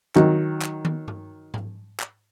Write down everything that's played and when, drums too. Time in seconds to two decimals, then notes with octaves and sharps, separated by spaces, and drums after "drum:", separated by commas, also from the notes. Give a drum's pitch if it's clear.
0.16 D#3 F#3, drum: clap
0.62 drum: clap
0.85 drum: tom D#3
1.08 drum: tom G2
1.54 drum: tom G#2
2.00 drum: clap